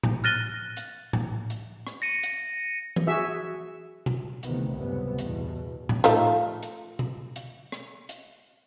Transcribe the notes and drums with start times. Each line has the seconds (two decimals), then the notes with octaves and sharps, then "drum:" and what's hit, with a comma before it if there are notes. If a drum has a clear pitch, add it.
0.03 drum: tom A2
0.24 F6 F#6 A6 A#6 D#7 G7
0.77 drum: hi-hat
1.13 drum: tom A2
1.50 drum: hi-hat
1.87 drum: rim click
2.02 A#6 C#7 D#7
2.23 drum: hi-hat
2.96 drum: tom E3
3.07 F#4 G#4 E5
4.06 drum: tom B2
4.43 D2 C3 D#3 E3 B3, drum: hi-hat
4.73 C#2 F#2 A2 C3 G3 B3
5.18 E2 B2, drum: hi-hat
5.89 drum: tom A2
6.04 F3 A3 D#4
6.63 drum: hi-hat
6.99 drum: tom B2
7.36 drum: hi-hat
7.72 drum: rim click
8.09 drum: hi-hat